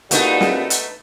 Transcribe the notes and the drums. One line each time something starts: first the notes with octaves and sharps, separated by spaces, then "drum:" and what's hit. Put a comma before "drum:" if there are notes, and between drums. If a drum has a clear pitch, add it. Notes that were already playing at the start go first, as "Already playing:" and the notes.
A#2 G3 A3 B3 D#4 F#4, drum: hi-hat
drum: snare
drum: hi-hat